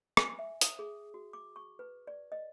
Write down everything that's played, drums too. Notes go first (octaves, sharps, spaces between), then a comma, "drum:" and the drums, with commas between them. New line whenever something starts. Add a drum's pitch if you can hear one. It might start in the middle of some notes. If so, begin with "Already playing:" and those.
G#5, drum: rim click
E5
D#6, drum: hi-hat
G#4
F#4
D6
C#6
B4
D5
D#5